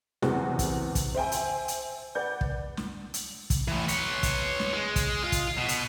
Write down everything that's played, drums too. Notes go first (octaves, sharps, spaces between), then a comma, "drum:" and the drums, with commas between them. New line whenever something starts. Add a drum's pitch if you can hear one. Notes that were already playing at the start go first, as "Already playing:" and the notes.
F#1 E2 C3 E3 F#4 G#4, drum: snare
drum: kick, hi-hat
drum: kick, hi-hat
C5 E5 G5 G#5
drum: hi-hat
drum: hi-hat
B4 D5 F#5 G6
drum: kick
drum: snare
drum: hi-hat
drum: kick, hi-hat
A2 E3
B4 C#5, drum: hi-hat
drum: kick, hi-hat
drum: snare
G#3
drum: kick, hi-hat
F4
drum: kick, hi-hat
B2
drum: hi-hat